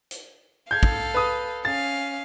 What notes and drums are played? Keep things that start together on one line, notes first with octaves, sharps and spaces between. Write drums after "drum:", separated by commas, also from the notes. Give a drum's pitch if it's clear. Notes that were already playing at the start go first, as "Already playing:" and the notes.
drum: hi-hat
A4 F5 G6 G#6
drum: kick
B4 D#6
C#4 F5 A6